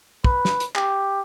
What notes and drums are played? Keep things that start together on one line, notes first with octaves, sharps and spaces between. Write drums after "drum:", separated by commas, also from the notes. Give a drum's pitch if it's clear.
B4, drum: kick
drum: snare
drum: hi-hat
G4, drum: clap